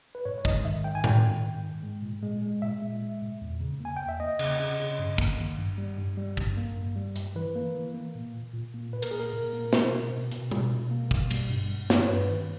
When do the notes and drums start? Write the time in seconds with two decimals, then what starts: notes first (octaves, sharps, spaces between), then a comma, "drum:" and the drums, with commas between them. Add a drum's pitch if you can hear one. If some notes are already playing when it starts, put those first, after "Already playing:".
0.15 B4
0.25 G#2 C#5
0.38 C#5
0.45 G#2 D#5, drum: kick
0.65 D#3 E5
0.84 D#3 G5
0.95 G#5
1.04 G#2 G5, drum: tom A2
1.23 D#3
1.44 G#2
1.63 G#2
1.83 G#3
2.02 A#2
2.23 G#3
2.42 G#3
2.62 A#2 E5
2.82 G#3
3.02 G#3
3.22 A#2
3.41 E2
3.61 C#3
3.80 A#3 G#5
3.96 E2 G5
4.09 E5
4.20 A#3 D#5
4.39 C#3, drum: cymbal
4.60 C#3
4.80 C#3
4.99 G2
5.18 A#3, drum: kick
5.38 D#3
5.58 G2
5.78 G3
5.98 G2
6.17 G3
6.37 G2, drum: kick
6.57 A#3
6.76 G2
6.96 G3
7.16 G2, drum: hi-hat
7.36 E3 B4
7.55 A#3
7.75 E3
7.94 A#3
8.15 A#2
8.34 A#2
8.54 A#2
8.74 A#3
8.93 A#2 B4
9.02 A#4, drum: cymbal
9.11 A#3 G#4
9.20 A#4
9.33 A#2
9.53 A#3
9.73 B2, drum: snare
9.92 B2
10.12 B2
10.31 B2, drum: hi-hat
10.51 B2, drum: tom B2
10.71 B2
10.91 A#3
11.11 B2, drum: kick
11.30 G3, drum: cymbal
11.50 G2
11.70 G3
11.90 G2, drum: snare
12.02 C#5
12.09 G2 B4
12.28 D#3